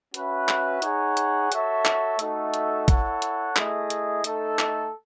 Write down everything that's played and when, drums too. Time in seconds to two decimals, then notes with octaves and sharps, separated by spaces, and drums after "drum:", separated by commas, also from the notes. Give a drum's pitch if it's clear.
0.14 C#4 F#4 B4 E5, drum: hi-hat
0.48 drum: clap
0.82 D#4 G#4 C#5 F#5, drum: hi-hat
1.17 drum: hi-hat
1.52 F#4 A4 C#5 E5, drum: hi-hat
1.85 drum: clap
2.19 A3 D#4 F#4 A4 E5, drum: hi-hat
2.54 drum: hi-hat
2.88 E4 A4 C#5 F#5, drum: kick A#1, hi-hat
3.22 drum: hi-hat
3.56 A3 E4 G#4 D#5, drum: clap
3.90 drum: hi-hat
4.24 A3 D#4 A4, drum: hi-hat
4.59 drum: clap